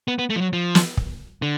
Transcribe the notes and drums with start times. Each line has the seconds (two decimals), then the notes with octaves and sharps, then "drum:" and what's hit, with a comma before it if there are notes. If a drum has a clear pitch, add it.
0.08 B3
0.19 B3
0.30 A3
0.36 F3
0.41 F#3
0.53 F3
0.75 drum: snare
0.97 drum: kick
1.42 D3